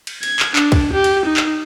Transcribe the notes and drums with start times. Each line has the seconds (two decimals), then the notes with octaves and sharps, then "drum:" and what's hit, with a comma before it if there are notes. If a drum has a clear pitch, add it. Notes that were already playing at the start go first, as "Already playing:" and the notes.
0.07 drum: cymbal
0.23 G#6, drum: cymbal
0.40 drum: clap
0.56 D4, drum: clap
0.72 drum: kick, cymbal
0.93 G4
1.04 drum: cymbal
1.26 D#4
1.37 drum: clap